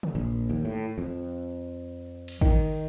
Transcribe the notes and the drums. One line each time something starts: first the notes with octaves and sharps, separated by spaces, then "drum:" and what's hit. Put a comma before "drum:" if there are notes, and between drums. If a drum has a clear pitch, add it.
drum: tom
A#1
D#2
A2
F2
drum: cymbal
D#3, drum: kick